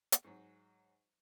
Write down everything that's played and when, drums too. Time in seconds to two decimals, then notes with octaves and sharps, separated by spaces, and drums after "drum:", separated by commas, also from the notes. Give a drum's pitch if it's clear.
0.12 drum: hi-hat
0.24 G#2 F#3